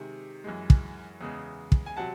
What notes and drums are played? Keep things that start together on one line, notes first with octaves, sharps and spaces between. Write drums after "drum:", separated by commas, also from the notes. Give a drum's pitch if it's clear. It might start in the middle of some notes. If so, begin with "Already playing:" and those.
Already playing: C3 D#3 G#3
F#2 E3 G#3
drum: kick
E2 C#3 G#3
drum: kick
G#5
C3 F#3 F#5 A5